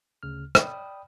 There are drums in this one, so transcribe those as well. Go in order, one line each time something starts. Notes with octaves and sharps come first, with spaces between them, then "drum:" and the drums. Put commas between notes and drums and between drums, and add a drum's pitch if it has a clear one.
D2 C#3 F6
D5 G5 B5 D#6, drum: rim click